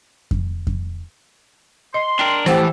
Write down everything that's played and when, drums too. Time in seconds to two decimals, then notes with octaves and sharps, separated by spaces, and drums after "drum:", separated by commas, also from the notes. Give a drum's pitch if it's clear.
0.31 drum: kick F2
0.67 drum: kick F2
1.94 D#5 C6
2.19 D4 A#4 G5
2.46 A2 E3 F3 G4 A4 C5 F#5 G5, drum: snare